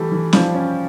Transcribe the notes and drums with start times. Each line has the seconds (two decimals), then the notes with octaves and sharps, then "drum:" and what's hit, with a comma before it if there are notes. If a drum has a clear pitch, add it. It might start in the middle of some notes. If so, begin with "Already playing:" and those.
Already playing: E3 G3 A3
0.12 E3
0.33 F3 G3, drum: snare C#4
0.55 C#4